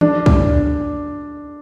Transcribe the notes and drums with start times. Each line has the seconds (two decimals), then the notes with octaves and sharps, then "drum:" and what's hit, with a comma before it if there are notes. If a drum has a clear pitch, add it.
0.01 D4, drum: tom
0.26 drum: kick